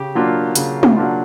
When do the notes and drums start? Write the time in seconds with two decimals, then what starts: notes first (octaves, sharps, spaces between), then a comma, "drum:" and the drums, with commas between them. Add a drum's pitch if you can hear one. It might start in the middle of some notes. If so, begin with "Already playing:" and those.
Already playing: C#3 G4
0.15 F#3 A#3 D4 F4
0.56 C#3, drum: hi-hat
0.83 drum: tom G#3
0.96 F#3 A#3 D4 F4